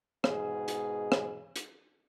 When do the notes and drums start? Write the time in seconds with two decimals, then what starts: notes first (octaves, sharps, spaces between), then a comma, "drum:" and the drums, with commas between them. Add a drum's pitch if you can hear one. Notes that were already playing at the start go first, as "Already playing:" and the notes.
0.24 G#2 B2 G#4, drum: rim click
0.68 drum: hi-hat
1.12 drum: rim click
1.56 drum: hi-hat